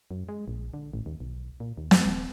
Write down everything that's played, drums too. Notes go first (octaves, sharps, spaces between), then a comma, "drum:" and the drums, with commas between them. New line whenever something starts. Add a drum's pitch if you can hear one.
F#2
G#3
A#1
D3
A1
D#2
B1
A#2
D#2
F#2, drum: snare
D#1